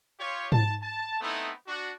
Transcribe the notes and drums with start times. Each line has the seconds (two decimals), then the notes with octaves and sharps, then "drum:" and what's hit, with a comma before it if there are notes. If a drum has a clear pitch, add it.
0.19 F4 G4 C#5
0.52 A5, drum: tom G#2
0.82 A5
1.21 A3 B3 C4 D#4 E4
1.67 D4 F#4